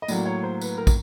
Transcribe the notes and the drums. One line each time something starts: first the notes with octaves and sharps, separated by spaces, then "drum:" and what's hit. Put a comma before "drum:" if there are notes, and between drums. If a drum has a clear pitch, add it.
D#5
A2 F#3 A#3 D5, drum: tambourine
C#5
C5
B4, drum: tambourine
A#4
drum: kick, tambourine